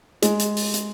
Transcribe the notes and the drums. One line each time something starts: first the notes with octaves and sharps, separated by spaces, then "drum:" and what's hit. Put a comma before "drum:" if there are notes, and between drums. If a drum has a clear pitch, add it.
G#3, drum: hi-hat
drum: hi-hat
drum: open hi-hat
drum: hi-hat